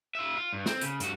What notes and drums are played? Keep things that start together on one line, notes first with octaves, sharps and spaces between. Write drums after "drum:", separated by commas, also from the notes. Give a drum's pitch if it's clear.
F4 E5
F4
G2
C4, drum: snare
C#3, drum: hi-hat
G2 F#4, drum: hi-hat